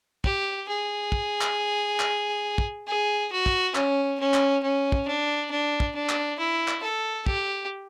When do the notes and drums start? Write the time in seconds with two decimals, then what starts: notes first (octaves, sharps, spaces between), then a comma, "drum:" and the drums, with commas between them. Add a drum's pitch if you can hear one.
0.24 G4, drum: kick
0.68 G#4
1.12 drum: kick
1.41 drum: clap
2.00 drum: clap
2.58 drum: kick
2.87 G#4
3.32 F#4
3.46 drum: kick
3.75 C#4, drum: clap
4.20 C#4
4.34 drum: clap
4.63 C#4
4.92 drum: kick
5.07 D4
5.51 D4
5.80 drum: kick
5.95 D4
6.09 drum: clap
6.39 E4
6.68 drum: clap
6.82 A4
7.26 G4, drum: kick